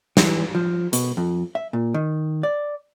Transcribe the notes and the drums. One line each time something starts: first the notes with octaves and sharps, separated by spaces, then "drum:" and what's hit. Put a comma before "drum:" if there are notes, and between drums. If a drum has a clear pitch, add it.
E3, drum: snare
F3
B2, drum: hi-hat
F2
E5
A#2
D#3
D5